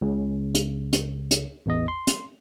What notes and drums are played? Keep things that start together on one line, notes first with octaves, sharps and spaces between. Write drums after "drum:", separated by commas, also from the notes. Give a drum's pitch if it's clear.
C#2 C#3
drum: hi-hat
drum: hi-hat
drum: hi-hat
A1 E2 D#5
C6
drum: hi-hat